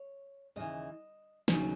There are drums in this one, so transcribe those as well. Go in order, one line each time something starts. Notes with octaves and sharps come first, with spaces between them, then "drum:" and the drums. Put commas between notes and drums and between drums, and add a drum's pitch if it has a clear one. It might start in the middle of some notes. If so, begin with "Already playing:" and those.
Already playing: C#5
D#2 C#3 E3 D#5
D#2 C#3 F#3 B3 D#4 D#5, drum: snare